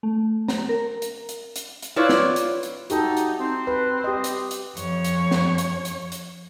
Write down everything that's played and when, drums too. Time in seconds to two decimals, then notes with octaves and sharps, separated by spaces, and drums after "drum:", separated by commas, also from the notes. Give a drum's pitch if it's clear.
0.03 A3
0.48 A#5, drum: snare
0.69 A#4
1.02 drum: hi-hat
1.29 drum: hi-hat
1.56 drum: hi-hat
1.82 drum: hi-hat
1.96 E4 F4 B4 C#5 D5
2.09 drum: snare
2.36 drum: hi-hat
2.63 drum: hi-hat
2.90 D#4 F#4 G4 A4, drum: hi-hat
3.17 drum: hi-hat
3.39 C4
3.67 B4
4.04 G4 D#5
4.24 drum: hi-hat
4.51 drum: hi-hat
4.77 F2 C#5, drum: hi-hat
5.04 drum: hi-hat
5.31 drum: snare
5.58 drum: hi-hat
5.85 drum: hi-hat
6.12 drum: hi-hat